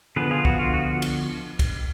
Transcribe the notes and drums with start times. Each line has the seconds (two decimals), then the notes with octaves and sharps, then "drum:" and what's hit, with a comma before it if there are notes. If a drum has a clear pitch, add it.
0.16 D3 F3 B3 G#4 B4
0.31 F4 G#4
0.45 F#4, drum: kick
0.59 F4
0.74 F#4
1.02 drum: cymbal
1.59 drum: kick, cymbal